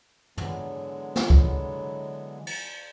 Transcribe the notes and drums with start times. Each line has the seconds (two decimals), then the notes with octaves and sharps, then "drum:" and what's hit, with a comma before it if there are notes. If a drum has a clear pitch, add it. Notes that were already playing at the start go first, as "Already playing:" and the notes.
0.38 D3 E3 F#3 G#3 B3, drum: tom
1.16 drum: snare
1.30 drum: kick
2.47 drum: cymbal